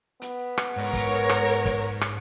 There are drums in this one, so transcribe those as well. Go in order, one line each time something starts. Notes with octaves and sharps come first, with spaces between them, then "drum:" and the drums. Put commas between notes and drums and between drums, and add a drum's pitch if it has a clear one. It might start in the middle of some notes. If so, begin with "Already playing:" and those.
B3, drum: hi-hat
drum: rim click
G#2 A#4 C#5
drum: kick, open hi-hat
drum: rim click
drum: kick, hi-hat
drum: rim click